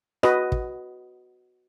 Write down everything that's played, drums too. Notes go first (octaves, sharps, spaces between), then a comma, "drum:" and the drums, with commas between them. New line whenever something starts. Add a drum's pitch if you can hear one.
F#4 B4 D#5, drum: rim click
drum: kick